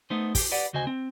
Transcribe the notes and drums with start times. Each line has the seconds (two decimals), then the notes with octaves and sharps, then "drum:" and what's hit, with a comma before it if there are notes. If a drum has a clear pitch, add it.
0.10 A3 B3 D#4 C5
0.35 G4, drum: kick, open hi-hat
0.51 G4 B4 D5 F#5
0.73 D2 C#3 F#4 C5 D#5 G#5
0.87 C4